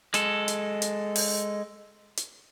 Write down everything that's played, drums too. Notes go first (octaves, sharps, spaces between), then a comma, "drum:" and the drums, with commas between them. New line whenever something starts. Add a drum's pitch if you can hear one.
G#3 A4, drum: hi-hat
drum: hi-hat
drum: hi-hat
drum: open hi-hat
drum: hi-hat